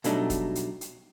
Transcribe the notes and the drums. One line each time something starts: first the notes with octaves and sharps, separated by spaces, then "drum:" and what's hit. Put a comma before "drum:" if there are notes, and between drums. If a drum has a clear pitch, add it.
B2 F#3 G3 A3 D4 D#4, drum: hi-hat
drum: kick, hi-hat
drum: hi-hat
drum: hi-hat